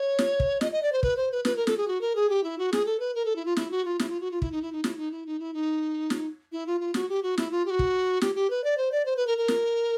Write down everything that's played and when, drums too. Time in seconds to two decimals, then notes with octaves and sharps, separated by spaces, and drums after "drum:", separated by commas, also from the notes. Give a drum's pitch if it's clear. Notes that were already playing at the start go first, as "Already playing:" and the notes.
Already playing: C#5
0.19 drum: snare
0.40 drum: kick
0.61 D#5, drum: snare
0.72 D#5
0.83 D5
0.92 C5
1.03 B4, drum: kick
1.17 C5
1.32 B4
1.45 B4, drum: snare
1.56 A#4
1.67 A4, drum: snare
1.77 G#4
1.88 F#4
2.01 A#4
2.16 G#4
2.29 G4
2.44 E4
2.58 F#4
2.73 G#4, drum: snare
2.86 A4
3.00 B4
3.15 A#4
3.25 A4
3.36 E4
3.45 F4
3.57 E4, drum: snare
3.71 F#4
3.85 F4
3.99 E4, drum: snare
4.09 F4
4.20 F#4
4.31 F4
4.42 E4, drum: kick
4.52 D#4
4.62 E4
4.72 D#4
4.84 E4, drum: snare
4.98 D#4
5.12 E4
5.26 D#4
5.40 E4
5.54 D#4
6.10 drum: snare
6.52 E4
6.67 F4
6.81 F4
6.94 F#4, drum: snare
7.09 G4
7.23 F#4
7.38 E4, drum: snare
7.51 F4
7.66 G4
7.70 F#4
7.79 drum: kick
8.21 G4, drum: snare
8.35 G4
8.50 B4
8.64 D5
8.78 C5
8.92 D5
9.06 C5
9.17 B4
9.27 A#4
9.38 A#4
9.48 drum: snare